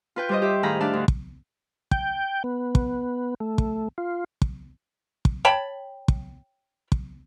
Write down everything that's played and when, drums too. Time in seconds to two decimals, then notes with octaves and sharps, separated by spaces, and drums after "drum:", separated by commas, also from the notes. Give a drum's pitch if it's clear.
0.16 F4 B4 G5
0.29 G3 C5 D#5
0.42 G4 E5
0.63 A2 D#3 G#4 F5 A#5 B5
0.80 A3 D4 D5 F5 A5
0.93 D2
1.08 drum: kick
1.91 G5, drum: kick
2.44 B3
2.75 drum: kick
3.40 A3
3.58 drum: kick
3.98 F4
4.42 drum: kick
5.25 drum: kick
5.45 C#5 G5 A5 B5
6.08 drum: kick
6.92 drum: kick